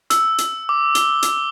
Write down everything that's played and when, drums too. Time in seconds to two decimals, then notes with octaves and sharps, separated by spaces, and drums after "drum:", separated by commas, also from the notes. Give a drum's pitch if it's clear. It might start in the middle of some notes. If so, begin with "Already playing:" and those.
0.10 E6, drum: hi-hat
0.38 drum: hi-hat
0.69 D6
0.95 G7, drum: hi-hat
1.23 drum: hi-hat